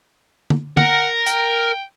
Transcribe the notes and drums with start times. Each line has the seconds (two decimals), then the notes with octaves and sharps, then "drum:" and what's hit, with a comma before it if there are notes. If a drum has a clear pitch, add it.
0.50 drum: tom D3
0.77 A#4 F#5, drum: tom D3
1.26 G5, drum: hi-hat